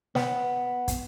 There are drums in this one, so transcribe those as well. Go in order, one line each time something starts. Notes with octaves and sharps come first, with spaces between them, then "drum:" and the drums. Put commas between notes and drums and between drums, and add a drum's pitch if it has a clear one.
B3, drum: snare
drum: kick, hi-hat